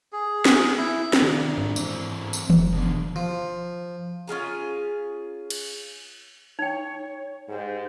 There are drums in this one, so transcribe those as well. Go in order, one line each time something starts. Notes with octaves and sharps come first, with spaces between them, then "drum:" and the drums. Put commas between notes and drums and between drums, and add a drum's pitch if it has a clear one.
G#4
drum: snare
E4
drum: snare
D#3 D4 F4
G#2
E3 C4, drum: tambourine
drum: tambourine
F1, drum: tom D#3
F#1 B2 D3
F3
C#4 F4 G#4 A#5
drum: cymbal
D#4 C#5 G5
G#2 G4